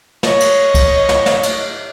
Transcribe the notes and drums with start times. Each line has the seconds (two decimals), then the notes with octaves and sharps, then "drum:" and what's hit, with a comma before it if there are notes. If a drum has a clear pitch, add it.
0.23 C#5 D#5, drum: snare
0.40 drum: cymbal
0.75 drum: kick C#2, cymbal
1.09 drum: snare
1.26 drum: snare
1.43 drum: cymbal